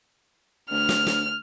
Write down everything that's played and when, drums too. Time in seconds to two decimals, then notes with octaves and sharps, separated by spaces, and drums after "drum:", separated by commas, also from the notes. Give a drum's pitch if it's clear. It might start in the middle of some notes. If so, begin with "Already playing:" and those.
0.71 D2 F6
0.89 drum: snare
1.07 drum: snare